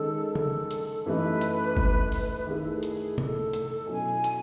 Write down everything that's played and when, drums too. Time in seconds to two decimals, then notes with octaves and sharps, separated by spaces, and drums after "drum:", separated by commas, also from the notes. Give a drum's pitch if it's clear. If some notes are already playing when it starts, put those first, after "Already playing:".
Already playing: D#3 G#3 C#4 A4
0.35 A4, drum: tom C#3
0.71 drum: hi-hat
1.06 F#2 E3 A3 D#4 B4
1.41 drum: hi-hat
1.77 drum: kick G1
2.12 drum: open hi-hat
2.47 D#3 A3 E4 G#4
2.61 A4
2.74 G#4
2.83 drum: hi-hat
3.18 A4, drum: tom C3
3.53 drum: hi-hat
3.89 B2 F#3 C#4 E4 G#5
4.24 drum: hi-hat